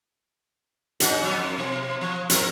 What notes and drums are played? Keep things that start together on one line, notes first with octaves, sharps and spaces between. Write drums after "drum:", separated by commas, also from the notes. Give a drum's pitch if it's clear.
C#4 D#4 F#4, drum: hi-hat
F#3 B3 C#4
F2
B2
F3
F3 C4 A#4, drum: hi-hat